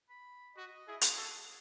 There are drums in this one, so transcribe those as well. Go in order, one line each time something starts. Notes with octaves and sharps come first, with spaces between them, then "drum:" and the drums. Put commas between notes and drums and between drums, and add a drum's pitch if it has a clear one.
B5
F#4 D#5
E4 G#4
G#4, drum: hi-hat
F#4 A4